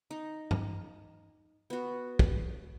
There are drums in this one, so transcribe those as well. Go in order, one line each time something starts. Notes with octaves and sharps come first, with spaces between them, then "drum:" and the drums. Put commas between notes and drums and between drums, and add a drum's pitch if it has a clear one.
D#4
drum: tom G2
B3 F#4
drum: kick